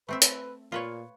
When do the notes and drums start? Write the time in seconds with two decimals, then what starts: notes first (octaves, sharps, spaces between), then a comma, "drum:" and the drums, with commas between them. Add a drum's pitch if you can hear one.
0.09 A3 C4 B4 E5
0.22 drum: hi-hat
0.72 A#2 F4 B4 C#5